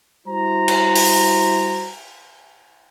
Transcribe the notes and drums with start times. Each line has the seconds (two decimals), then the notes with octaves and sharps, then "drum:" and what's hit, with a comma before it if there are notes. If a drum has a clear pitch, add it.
0.26 G3 E4 F#4 C5 A#5
0.68 drum: cymbal
0.96 drum: open hi-hat